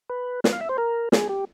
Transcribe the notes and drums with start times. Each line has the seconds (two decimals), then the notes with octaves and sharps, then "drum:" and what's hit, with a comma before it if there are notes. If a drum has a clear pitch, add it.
0.09 B4
0.44 B4, drum: snare
0.53 F5
0.61 E5
0.69 C5
0.78 A#4
1.12 G#4, drum: snare
1.29 G4